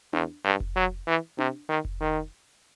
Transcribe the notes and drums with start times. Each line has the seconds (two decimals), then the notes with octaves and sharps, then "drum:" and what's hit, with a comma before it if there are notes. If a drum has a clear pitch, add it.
0.13 E2, drum: tom D4
0.45 G2
0.60 drum: kick F1
0.76 F#3
1.07 E3
1.39 C3, drum: tom D4
1.69 D#3
1.85 drum: kick F1
2.01 D#3